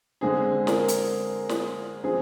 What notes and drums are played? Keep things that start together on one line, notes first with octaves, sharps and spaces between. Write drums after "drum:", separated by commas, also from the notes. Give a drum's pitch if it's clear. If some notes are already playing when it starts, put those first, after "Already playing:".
D3 G#3 C4 G#4
A#4, drum: snare
drum: hi-hat
drum: snare
F3 G#3 C4 G#4